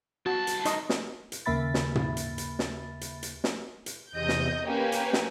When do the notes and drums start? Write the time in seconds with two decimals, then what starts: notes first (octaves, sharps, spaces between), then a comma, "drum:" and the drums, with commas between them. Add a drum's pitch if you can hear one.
0.26 C2 F#4 A5
0.47 drum: hi-hat
0.65 D#4 D#5 C#6, drum: hi-hat
0.89 drum: snare
1.32 drum: hi-hat
1.46 D#2 C#3 A#3 E5 B5 A6
1.74 drum: snare
1.95 drum: tom
2.17 drum: hi-hat
2.38 drum: hi-hat
2.59 drum: snare
3.01 drum: hi-hat
3.23 drum: hi-hat
3.44 drum: snare
3.86 drum: hi-hat
4.12 E2 C3 D#5 G6
4.29 drum: snare
4.63 A#3 C#4 G4 B4 G#5
4.92 drum: hi-hat
5.13 drum: snare